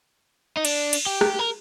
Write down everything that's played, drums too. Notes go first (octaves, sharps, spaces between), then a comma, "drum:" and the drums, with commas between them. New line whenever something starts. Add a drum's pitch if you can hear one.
D#4
D4, drum: cymbal
drum: cymbal
G4
drum: rim click
A#4